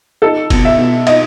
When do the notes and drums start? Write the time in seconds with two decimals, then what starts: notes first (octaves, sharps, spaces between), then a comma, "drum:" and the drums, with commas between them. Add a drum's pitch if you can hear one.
0.22 D#4 A4
0.50 B2, drum: kick, cymbal
0.65 E5
0.79 B2
1.07 D#4 D#5, drum: cymbal